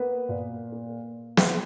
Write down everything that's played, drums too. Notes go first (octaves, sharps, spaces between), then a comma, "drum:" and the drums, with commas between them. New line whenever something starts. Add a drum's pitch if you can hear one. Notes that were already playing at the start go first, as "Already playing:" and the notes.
Already playing: A#3 B3 B4
A#2
A#3
drum: snare